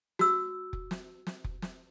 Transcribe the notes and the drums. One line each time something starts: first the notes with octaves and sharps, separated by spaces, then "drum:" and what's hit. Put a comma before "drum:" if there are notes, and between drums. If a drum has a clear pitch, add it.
F#4 E6, drum: snare
drum: kick F1
drum: snare
drum: snare
drum: kick F1
drum: snare